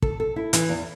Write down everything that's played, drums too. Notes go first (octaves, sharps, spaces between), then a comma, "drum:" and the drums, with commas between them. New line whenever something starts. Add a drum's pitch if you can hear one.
A4, drum: kick
A4
E4
E3, drum: hi-hat
E2